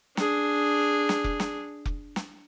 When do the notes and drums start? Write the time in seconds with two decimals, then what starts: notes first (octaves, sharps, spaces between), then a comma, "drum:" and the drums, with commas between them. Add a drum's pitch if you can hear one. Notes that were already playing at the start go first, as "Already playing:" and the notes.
0.17 D4 G#4, drum: snare
1.09 drum: snare
1.24 drum: kick F1
1.40 drum: snare
1.85 drum: kick F1
2.16 drum: snare